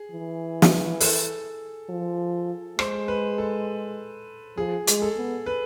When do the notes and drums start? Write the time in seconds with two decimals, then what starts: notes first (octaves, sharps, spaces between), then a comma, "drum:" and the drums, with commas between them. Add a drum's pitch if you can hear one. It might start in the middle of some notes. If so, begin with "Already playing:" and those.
Already playing: G#4
0.11 E3
0.62 drum: snare
1.00 A4, drum: open hi-hat
1.89 F3
2.79 G#3 C5, drum: rim click
3.08 B4
3.38 A4
4.57 F3 G#4
4.87 G#3, drum: hi-hat
5.02 A4
5.17 B3
5.46 B4